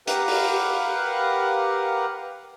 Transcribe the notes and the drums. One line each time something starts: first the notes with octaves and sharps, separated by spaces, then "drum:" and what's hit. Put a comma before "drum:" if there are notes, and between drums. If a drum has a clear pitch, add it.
G4 A#4 B4 F5 F#5, drum: hi-hat
drum: open hi-hat